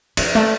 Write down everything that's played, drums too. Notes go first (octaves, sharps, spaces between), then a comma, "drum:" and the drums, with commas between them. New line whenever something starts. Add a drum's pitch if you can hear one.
F3, drum: cymbal
A3